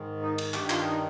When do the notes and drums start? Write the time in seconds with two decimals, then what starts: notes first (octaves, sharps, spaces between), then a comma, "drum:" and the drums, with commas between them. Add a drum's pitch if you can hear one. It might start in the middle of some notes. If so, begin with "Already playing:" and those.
Already playing: G#2 D#3
0.22 D#4
0.38 drum: cymbal
0.54 G2 D#3 G4, drum: clap
0.70 F4, drum: clap
0.86 D#4